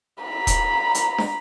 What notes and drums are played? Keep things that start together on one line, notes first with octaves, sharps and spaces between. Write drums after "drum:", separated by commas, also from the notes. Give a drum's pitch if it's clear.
A#5 B5
drum: kick D#1, hi-hat
drum: hi-hat
drum: snare